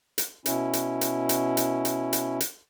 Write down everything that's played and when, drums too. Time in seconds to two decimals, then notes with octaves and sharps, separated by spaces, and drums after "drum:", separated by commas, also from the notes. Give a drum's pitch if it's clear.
0.18 drum: hi-hat
0.46 B2 C#4 E4, drum: hi-hat
0.73 drum: hi-hat
1.01 drum: hi-hat
1.29 drum: hi-hat
1.57 drum: hi-hat
1.85 drum: hi-hat
2.13 drum: hi-hat
2.40 drum: hi-hat